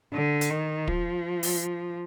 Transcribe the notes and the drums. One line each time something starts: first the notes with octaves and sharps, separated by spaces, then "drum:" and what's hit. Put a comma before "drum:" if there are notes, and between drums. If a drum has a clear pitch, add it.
D3
drum: hi-hat
D#3
F3, drum: kick
drum: open hi-hat